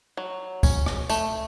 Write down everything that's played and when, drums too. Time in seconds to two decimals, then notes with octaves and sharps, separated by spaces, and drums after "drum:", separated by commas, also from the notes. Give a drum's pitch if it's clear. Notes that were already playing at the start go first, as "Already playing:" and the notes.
0.17 F#3
0.63 C#4, drum: kick, tambourine
0.86 drum: rim click
1.10 A3, drum: tambourine